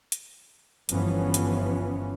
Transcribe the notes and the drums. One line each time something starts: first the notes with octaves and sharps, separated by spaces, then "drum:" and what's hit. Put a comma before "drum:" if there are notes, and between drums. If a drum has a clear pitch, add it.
drum: hi-hat
G1 E3 F3 B3 C#4, drum: hi-hat
drum: hi-hat